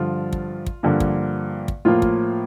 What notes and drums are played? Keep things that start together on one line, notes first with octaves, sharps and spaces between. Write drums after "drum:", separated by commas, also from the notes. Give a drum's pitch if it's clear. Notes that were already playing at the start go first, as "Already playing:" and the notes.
Already playing: G2 D3 F3 F4
drum: kick
drum: kick
G2 D3 F3 A#3
drum: kick
drum: kick
A2 F3 A#3 F4
drum: kick